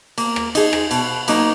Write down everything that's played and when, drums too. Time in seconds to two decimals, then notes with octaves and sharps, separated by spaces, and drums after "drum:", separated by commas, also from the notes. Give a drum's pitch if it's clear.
0.18 A#3, drum: cymbal
0.36 drum: rim click
0.55 D#4 G#4, drum: cymbal
0.73 drum: rim click
0.91 B2, drum: cymbal
1.28 F#3 A#3 D#4, drum: cymbal